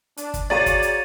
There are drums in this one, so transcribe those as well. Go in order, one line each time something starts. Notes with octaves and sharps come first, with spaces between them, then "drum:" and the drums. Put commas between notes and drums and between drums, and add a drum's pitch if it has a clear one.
D4, drum: hi-hat
drum: kick, hi-hat
F#4 G#4 C#5 D5 F5 A#5 A6 D#7, drum: snare
drum: kick, hi-hat
drum: hi-hat